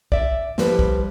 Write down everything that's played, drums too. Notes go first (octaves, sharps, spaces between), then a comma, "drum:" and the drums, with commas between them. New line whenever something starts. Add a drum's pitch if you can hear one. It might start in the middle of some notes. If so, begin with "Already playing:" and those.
D5 E5, drum: kick
F3 G3 B4, drum: snare
drum: kick